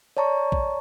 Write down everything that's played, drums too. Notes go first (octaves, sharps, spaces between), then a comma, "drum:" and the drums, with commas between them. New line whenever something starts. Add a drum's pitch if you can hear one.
C#5 D5 A5 A#5 C#6
drum: kick A#1